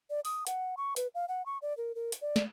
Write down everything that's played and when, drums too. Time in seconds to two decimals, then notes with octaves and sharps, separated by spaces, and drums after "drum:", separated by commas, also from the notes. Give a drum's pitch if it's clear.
0.10 D5
0.25 D#6, drum: open hi-hat
0.47 F#5, drum: hi-hat
0.77 C#6
0.96 B4, drum: hi-hat
1.15 F5
1.28 F#5
1.46 C#6
1.62 D5
1.77 A#4
1.95 A#4
2.12 drum: hi-hat
2.21 D5
2.36 drum: snare